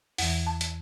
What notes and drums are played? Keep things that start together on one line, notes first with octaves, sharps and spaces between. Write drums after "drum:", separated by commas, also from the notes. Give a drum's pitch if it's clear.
E2 E3 F#5, drum: open hi-hat
A5
drum: hi-hat